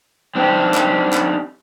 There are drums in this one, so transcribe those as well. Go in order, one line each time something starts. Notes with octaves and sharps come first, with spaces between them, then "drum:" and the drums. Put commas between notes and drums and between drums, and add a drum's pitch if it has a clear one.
C4 D4 D#4 G4
drum: clap
drum: clap